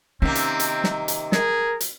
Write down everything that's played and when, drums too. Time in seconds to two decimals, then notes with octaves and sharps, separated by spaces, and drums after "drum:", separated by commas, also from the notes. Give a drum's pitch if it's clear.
0.22 C3 D#3 A#3 C4 C#4
0.35 drum: hi-hat
0.60 drum: hi-hat
0.84 drum: snare
1.08 drum: hi-hat
1.32 G#4 A#4, drum: snare
1.81 drum: hi-hat